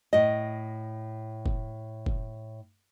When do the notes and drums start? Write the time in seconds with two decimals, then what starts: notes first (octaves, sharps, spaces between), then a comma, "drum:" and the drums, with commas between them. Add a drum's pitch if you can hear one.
0.13 A2 D#5
1.46 drum: kick
2.06 drum: kick